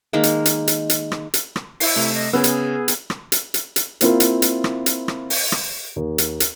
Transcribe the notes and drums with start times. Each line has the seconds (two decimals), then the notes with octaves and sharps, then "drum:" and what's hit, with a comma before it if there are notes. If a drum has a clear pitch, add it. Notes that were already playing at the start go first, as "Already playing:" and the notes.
0.13 D#3 G#3 A#3
0.23 drum: hi-hat
0.45 drum: hi-hat
0.67 drum: hi-hat
0.90 drum: hi-hat
1.12 drum: rim click
1.34 drum: hi-hat
1.56 drum: rim click
1.80 E4 C7, drum: open hi-hat
1.96 C3 A3
2.13 D#5
2.33 C#3 B3 C#4 G#4 E6
2.44 drum: hi-hat
2.88 drum: hi-hat
3.10 drum: rim click
3.32 drum: hi-hat
3.54 drum: hi-hat
3.76 drum: hi-hat
4.01 A#3 C4 E4 F4 A#4, drum: hi-hat
4.20 drum: hi-hat
4.42 drum: hi-hat
4.64 drum: rim click
4.86 drum: hi-hat
5.08 drum: rim click
5.30 drum: open hi-hat
5.52 drum: rim click
5.96 D#2
6.18 drum: hi-hat
6.40 drum: hi-hat